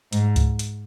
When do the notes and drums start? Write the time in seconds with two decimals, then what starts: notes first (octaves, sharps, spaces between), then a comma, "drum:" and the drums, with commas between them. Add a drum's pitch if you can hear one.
0.13 G#2, drum: hi-hat
0.36 drum: kick C#2, hi-hat
0.59 drum: hi-hat